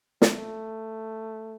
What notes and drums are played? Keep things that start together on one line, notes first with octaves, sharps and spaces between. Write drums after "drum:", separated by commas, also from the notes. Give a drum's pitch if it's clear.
A3, drum: snare